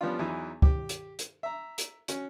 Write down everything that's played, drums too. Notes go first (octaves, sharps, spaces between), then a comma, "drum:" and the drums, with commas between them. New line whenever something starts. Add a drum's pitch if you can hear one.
F3 G3 B3 C#4 D4 F4
E2 E3 F#3 D#4 E4
G4, drum: kick
drum: hi-hat
drum: hi-hat
E5 A#5
drum: hi-hat
C#4 F#4, drum: hi-hat